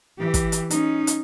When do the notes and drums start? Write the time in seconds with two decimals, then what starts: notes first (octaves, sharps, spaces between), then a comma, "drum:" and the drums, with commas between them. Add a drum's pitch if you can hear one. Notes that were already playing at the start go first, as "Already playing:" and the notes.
0.19 E3 G4
0.34 drum: kick, hi-hat
0.52 drum: hi-hat
0.70 C#4 D#4, drum: hi-hat
1.07 drum: hi-hat